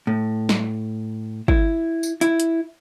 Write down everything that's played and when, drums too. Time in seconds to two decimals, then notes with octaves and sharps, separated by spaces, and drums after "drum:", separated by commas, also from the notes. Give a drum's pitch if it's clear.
0.07 A2
0.49 drum: snare
1.48 E4, drum: kick
2.03 drum: tambourine
2.21 E4, drum: hi-hat
2.40 drum: hi-hat